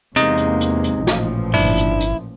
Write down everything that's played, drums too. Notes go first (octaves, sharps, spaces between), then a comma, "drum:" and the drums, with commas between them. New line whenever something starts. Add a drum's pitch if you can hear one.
E2 C3 G#3 A#3 D#4 D#5, drum: hi-hat
drum: hi-hat
drum: hi-hat
drum: hi-hat
A1 A#2 F3
drum: snare
G1 D4 E4, drum: open hi-hat
drum: hi-hat
drum: hi-hat